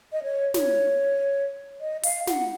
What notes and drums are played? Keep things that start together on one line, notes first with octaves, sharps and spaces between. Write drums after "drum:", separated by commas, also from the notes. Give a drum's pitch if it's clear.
D#5
C#5
C#5, drum: snare
D#5
F5, drum: open hi-hat
F#5, drum: snare